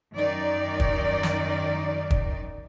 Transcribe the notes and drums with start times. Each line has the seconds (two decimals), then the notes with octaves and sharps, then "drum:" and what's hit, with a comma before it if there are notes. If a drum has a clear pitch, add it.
0.14 F#2 D#3 D#4 D5
0.80 drum: kick
1.23 drum: snare
2.10 drum: kick